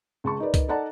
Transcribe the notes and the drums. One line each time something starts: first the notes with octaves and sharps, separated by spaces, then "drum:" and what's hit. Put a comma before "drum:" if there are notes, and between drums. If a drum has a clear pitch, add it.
C#2 A5 C#6
D#4 A#4 B4 D5
drum: kick C#2, hi-hat
D#4 A4 D5 F#5 A5 A#5